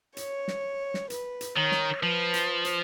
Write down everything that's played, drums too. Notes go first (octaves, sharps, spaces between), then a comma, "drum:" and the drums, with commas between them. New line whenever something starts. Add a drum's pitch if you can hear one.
C#5, drum: hi-hat
drum: snare
drum: snare
B4, drum: hi-hat
drum: hi-hat
D#3 C#5
drum: snare
F3 B4
drum: hi-hat
drum: hi-hat